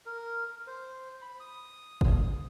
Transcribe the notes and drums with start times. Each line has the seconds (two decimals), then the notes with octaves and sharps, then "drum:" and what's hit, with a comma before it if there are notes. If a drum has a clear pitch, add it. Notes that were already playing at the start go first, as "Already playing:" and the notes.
0.06 A#4
0.67 C5
1.22 B5
1.40 D#6
2.01 drum: kick F#1